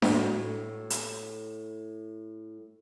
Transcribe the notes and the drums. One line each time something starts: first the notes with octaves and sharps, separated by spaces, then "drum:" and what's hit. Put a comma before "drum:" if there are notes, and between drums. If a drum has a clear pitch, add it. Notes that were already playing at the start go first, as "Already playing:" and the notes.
A2 F#4, drum: snare D4
drum: hi-hat